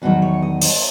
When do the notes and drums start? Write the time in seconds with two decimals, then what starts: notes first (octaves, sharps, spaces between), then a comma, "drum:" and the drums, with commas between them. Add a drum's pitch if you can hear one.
0.02 E2 D#3 F#3 A3 F#4
0.22 C#5
0.42 D#5
0.61 D#5, drum: open hi-hat